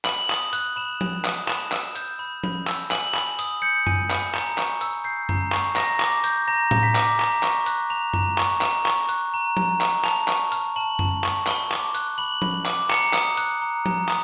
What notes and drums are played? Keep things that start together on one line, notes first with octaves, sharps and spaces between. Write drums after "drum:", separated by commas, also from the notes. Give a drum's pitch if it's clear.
B5 F#7, drum: clap
D#6, drum: clap
F#6, drum: hi-hat
B5 E7
B5, drum: tom F3
D#6, drum: clap
B5 E7, drum: clap
E6, drum: clap
G6, drum: hi-hat
B5
B5, drum: tom F3
E6, drum: clap
G#5 F#7, drum: clap
B5, drum: clap
D#6, drum: hi-hat
G6 C#7
G#5, drum: tom F#2
B5, drum: clap
A#5, drum: clap
C#6, drum: clap
E6, drum: hi-hat
G6 C7
A#5, drum: tom F#2
C#6, drum: clap
A#5 A#6, drum: clap
D6, drum: clap
G6, drum: hi-hat
A#5 A#6
A#5, drum: tom A2
B6
D6, drum: clap
A#5, drum: clap
C#6, drum: clap
F#6, drum: hi-hat
A#5 F7
A#5, drum: tom F#2
C#6, drum: clap
A#5, drum: clap
C#6, drum: clap
F#6, drum: hi-hat
A#5
A#5, drum: tom F3
C#6, drum: clap
A5 F7, drum: clap
C#6, drum: clap
F6, drum: hi-hat
A5 F#7
A5, drum: tom F#2
C#6, drum: clap
B5 G7, drum: clap
D6, drum: clap
F#6, drum: hi-hat
B5 F#7
B5, drum: tom F3
D6, drum: clap
A#5 C#7, drum: clap
D#6, drum: clap
F#6, drum: hi-hat
A#5
A#5, drum: tom F3
D#6, drum: clap